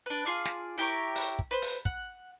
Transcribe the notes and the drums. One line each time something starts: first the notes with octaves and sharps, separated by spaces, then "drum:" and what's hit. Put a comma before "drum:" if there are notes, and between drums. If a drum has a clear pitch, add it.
D4 B4
F4 G#4 D5
drum: snare
E4 G4 A#4 C#5
drum: open hi-hat
drum: kick
B4 C5
drum: open hi-hat
F#5, drum: kick